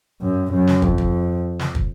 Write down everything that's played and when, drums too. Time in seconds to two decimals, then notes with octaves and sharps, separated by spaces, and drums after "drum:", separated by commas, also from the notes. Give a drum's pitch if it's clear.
0.22 F#2
0.52 F#2
0.67 drum: snare
0.82 F2, drum: kick
0.98 drum: kick
1.59 drum: snare
1.75 drum: kick